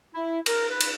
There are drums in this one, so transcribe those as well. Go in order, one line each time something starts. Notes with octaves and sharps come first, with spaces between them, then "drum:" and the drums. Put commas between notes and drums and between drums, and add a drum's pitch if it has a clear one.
E4
A#4, drum: cymbal
B4
drum: cymbal